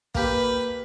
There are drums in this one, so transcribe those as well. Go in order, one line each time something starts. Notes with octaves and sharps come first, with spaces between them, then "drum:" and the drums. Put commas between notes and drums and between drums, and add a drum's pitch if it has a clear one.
A#3 G4 B4, drum: kick